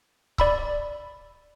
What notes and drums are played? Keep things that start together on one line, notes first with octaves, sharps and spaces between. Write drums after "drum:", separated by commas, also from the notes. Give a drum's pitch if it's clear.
D5 B5 E6, drum: kick C#1